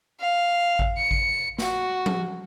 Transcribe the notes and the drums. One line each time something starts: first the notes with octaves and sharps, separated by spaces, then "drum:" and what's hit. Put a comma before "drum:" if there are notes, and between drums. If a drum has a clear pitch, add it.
F5
drum: kick G#1
C#7
drum: kick G#1
F#4, drum: snare
drum: tom F3